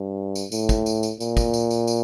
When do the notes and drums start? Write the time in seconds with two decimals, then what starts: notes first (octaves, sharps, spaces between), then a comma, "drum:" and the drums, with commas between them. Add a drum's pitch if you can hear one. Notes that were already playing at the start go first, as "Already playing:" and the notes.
Already playing: G2
0.35 drum: tambourine
0.52 A2, drum: tambourine
0.69 drum: kick, tambourine
0.86 drum: tambourine
1.03 drum: tambourine
1.20 A#2, drum: tambourine
1.37 drum: kick, tambourine
1.54 drum: tambourine
1.70 drum: tambourine
1.87 drum: tambourine